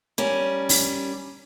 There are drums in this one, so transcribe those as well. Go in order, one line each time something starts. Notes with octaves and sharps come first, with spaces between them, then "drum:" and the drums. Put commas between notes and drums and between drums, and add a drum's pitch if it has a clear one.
G3 C#4 A#4
drum: open hi-hat